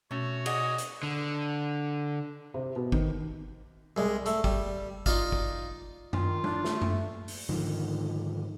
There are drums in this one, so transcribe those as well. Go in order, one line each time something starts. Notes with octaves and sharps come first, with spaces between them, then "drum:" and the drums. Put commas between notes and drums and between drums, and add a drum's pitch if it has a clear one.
B2 A3 C#4 F#4 C#5
G#4 D5 D#5 F#5, drum: cymbal
drum: hi-hat
D3
C3
B2
D#3, drum: kick
C2 G#3
A3, drum: hi-hat
G3, drum: kick
D#4 F4 D5 F5, drum: kick
drum: kick
D#3 F4, drum: tom F#2
D4, drum: tom G3
A3, drum: snare
drum: tom F#2
drum: open hi-hat
G#2 D3 D#3 F3